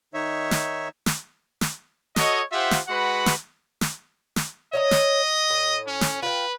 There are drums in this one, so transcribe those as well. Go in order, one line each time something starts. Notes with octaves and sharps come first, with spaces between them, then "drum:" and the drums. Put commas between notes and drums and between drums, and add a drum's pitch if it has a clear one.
D#3 D#4 C#5 E5
drum: snare
drum: snare
drum: snare
F#4 A4 C#5 D#5, drum: snare
F4 G4 C5 E5 F#5
drum: snare
G#3 F#4 B4 F#5 B5
drum: snare
drum: snare
drum: snare
C#5 D#5 E5 A#5
drum: snare
A2
C#4
drum: snare
F4 B4 G5